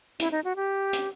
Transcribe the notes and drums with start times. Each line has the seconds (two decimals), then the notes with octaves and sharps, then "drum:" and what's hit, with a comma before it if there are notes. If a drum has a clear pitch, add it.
0.20 E4, drum: hi-hat
0.32 D#4
0.44 F#4
0.56 G4
0.93 drum: hi-hat